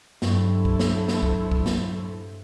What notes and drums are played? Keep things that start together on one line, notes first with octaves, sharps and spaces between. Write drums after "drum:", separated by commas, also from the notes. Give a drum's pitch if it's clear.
G2 F#3 E4 A4 C5 C#6, drum: snare
drum: kick
drum: snare
drum: snare
drum: kick
drum: kick
drum: snare